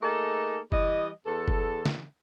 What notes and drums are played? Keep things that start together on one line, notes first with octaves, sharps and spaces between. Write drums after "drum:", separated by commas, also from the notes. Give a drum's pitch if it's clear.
A3 A#3 D#4 G#4 A4
E3 G3 D#5, drum: kick F#1
E2 A4
drum: kick F#1
drum: snare